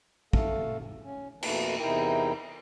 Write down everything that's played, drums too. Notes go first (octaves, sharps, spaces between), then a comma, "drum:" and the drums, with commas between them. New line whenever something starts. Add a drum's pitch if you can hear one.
A3 A4 F5, drum: kick
C#4
F2 B2 A3 A#3 B4 A5, drum: cymbal
E2 C3 D#4 E4 A#4 G5